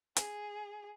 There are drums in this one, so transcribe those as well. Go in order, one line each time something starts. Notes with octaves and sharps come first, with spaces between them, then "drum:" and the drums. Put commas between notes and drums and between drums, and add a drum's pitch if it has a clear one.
G#4, drum: hi-hat